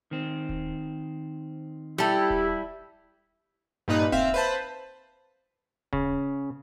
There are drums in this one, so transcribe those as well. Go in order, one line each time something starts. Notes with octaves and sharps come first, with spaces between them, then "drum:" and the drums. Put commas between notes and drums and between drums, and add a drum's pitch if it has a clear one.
D#3 C4
drum: kick D#1
G3 E4 G4 A4
drum: kick D#1
G2 A#2 D#4 B4
C4 E5 F5, drum: kick D#1
B4 C5 A5
C#3, drum: kick D#1